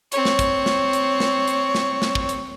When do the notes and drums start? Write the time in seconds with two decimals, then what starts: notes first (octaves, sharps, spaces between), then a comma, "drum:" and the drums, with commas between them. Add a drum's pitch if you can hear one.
0.12 C4 C#5, drum: hi-hat
0.25 drum: snare
0.39 drum: kick, hi-hat
0.66 drum: snare
0.93 drum: hi-hat
1.20 drum: snare
1.47 drum: hi-hat
1.75 drum: snare
2.02 drum: snare
2.15 drum: kick
2.29 drum: hi-hat